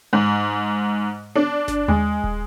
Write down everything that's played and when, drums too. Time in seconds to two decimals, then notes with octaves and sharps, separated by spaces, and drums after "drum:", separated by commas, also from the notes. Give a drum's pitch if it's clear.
0.13 G#2
1.35 D4, drum: tom B3
1.68 drum: snare G1
1.88 G#3, drum: tom D#2
2.24 drum: kick